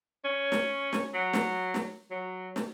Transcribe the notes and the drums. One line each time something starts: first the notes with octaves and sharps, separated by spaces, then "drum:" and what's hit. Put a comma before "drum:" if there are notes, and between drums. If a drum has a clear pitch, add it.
C#4
drum: snare
drum: snare
F#3
drum: snare
drum: snare
F#3
drum: snare